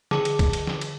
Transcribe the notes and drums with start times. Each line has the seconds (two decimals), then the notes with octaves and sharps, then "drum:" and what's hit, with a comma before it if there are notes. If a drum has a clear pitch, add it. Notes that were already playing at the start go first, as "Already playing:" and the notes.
0.11 D3 G#4, drum: snare
0.25 drum: cymbal
0.39 drum: kick, cymbal
0.53 drum: cymbal
0.67 drum: snare
0.81 drum: cymbal